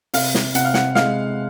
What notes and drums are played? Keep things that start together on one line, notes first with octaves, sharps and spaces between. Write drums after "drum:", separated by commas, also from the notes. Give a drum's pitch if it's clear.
C3 F5, drum: open hi-hat
drum: snare
C3 F#5, drum: hi-hat
F5
F#5, drum: snare
G#3 F5, drum: snare